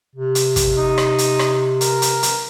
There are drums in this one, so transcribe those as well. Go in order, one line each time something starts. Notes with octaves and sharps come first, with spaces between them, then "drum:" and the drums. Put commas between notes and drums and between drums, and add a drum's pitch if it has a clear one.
C3
drum: hi-hat
drum: kick, hi-hat
D#4
drum: rim click
drum: hi-hat
drum: rim click
A#4, drum: hi-hat
drum: hi-hat
drum: hi-hat